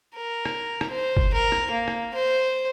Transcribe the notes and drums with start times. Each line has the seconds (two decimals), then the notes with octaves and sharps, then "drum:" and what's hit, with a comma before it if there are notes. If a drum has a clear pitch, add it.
0.15 A#4
0.45 drum: rim click
0.81 drum: rim click
0.91 C5
1.17 drum: kick F#1
1.34 A#4
1.52 drum: rim click
1.71 A#3
1.88 drum: rim click
2.14 C5